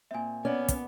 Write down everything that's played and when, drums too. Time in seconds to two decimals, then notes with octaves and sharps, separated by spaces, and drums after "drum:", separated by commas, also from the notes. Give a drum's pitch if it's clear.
0.11 A#2 C4 E5 G#5
0.45 B3 C#4 D5 F#5
0.68 drum: kick, hi-hat